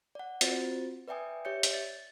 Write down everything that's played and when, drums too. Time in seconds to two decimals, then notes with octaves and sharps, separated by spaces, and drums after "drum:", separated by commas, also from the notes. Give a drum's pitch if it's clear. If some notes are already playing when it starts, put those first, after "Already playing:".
0.15 D5 F#5
0.41 C4 F4 F#4 C5 A6, drum: hi-hat
1.08 B4 D5 E5 G5 G#5 D#6
1.45 G4 C#5 D5 E5 G6 C#7
1.63 drum: hi-hat
1.73 A6